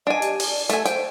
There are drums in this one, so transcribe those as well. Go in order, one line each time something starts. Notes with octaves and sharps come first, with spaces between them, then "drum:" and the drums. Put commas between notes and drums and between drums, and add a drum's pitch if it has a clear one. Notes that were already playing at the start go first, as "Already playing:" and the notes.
D4 D#5 G#5
G4, drum: hi-hat
drum: open hi-hat
D5
A3 A4 G#5, drum: hi-hat
C5 G5, drum: hi-hat